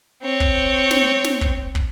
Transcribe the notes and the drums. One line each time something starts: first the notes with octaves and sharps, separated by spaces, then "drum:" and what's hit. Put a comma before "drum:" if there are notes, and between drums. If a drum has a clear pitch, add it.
C4 C#5
drum: kick
drum: snare
drum: snare
drum: kick
drum: kick